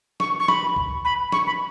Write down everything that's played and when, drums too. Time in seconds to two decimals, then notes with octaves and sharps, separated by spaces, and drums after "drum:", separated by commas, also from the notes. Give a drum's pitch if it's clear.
0.20 C#6, drum: snare
0.40 C#6
0.48 B5, drum: snare
0.76 drum: kick C#2
1.05 B5
1.32 C#6, drum: snare
1.46 B5